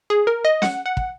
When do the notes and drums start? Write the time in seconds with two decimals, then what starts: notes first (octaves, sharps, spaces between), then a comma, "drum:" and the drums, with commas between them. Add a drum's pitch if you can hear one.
0.10 G#4
0.27 A#4
0.45 D#5
0.62 F#5, drum: snare C#4
0.86 F#5
0.97 drum: kick